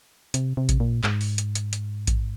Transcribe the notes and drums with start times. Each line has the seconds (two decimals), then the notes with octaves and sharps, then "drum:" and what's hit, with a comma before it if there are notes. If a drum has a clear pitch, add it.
0.34 C3, drum: hi-hat
0.57 C3
0.69 drum: kick A1, hi-hat
0.80 A#2
1.04 G#2, drum: clap
1.21 drum: open hi-hat
1.38 drum: hi-hat
1.55 drum: hi-hat
1.73 drum: hi-hat
2.07 drum: kick A1, hi-hat